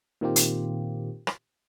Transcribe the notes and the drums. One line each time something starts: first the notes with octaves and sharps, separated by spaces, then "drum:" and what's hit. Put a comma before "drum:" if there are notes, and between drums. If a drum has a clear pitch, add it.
A#2 D#3 A#3 C4 F4 G4
drum: hi-hat
drum: rim click